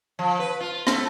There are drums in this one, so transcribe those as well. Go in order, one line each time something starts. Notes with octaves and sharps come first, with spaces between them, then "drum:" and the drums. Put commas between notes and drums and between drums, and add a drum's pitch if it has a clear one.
F3
B4
F4
A3, drum: rim click